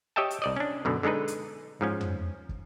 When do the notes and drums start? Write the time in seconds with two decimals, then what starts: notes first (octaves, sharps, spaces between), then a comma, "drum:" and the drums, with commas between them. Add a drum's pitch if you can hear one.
0.16 G4 C#5 D#5 E5 G5 A5
0.31 drum: hi-hat
0.42 C2 D5 D#5
0.56 C#4 D4
0.85 F#2 B2 D3
1.03 D3 G#3 D4 D#4 B4
1.28 drum: hi-hat
1.81 G#2 F3 C#4
2.01 drum: tom
2.49 drum: kick